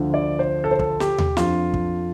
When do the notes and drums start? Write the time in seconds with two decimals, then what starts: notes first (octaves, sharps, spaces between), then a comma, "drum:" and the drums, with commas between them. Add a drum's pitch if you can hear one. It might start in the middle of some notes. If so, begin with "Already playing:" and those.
Already playing: D2 D3 F3
0.14 D5
0.39 C5
0.64 A4
0.71 C5
0.79 A4, drum: kick
1.00 G4, drum: snare
1.18 drum: tom D#2
1.37 F2 F3 D4 F4, drum: snare
1.74 drum: kick